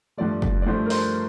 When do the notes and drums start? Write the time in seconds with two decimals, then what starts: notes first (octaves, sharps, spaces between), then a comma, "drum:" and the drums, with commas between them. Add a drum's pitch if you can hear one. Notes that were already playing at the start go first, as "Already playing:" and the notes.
0.17 G2 F3 A3 D5
0.42 drum: kick
0.62 D5
0.67 G2 F3 A3 C5
0.86 A#4
0.90 C5, drum: open hi-hat